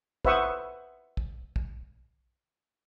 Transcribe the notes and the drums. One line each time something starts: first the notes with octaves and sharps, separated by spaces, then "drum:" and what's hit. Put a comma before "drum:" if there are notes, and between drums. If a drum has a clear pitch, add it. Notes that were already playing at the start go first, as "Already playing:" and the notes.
B4 C5 E5 F#5 C#6 D#6, drum: kick
drum: kick
drum: kick